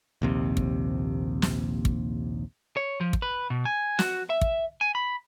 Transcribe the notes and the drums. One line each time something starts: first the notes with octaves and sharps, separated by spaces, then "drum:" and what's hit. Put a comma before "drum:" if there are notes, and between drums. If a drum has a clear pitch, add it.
A#1 D#2 C3
drum: kick
drum: snare
drum: kick
C#5
F3
drum: kick
B4
B2
G#5
F#4, drum: snare
E5
drum: kick
G#5
B5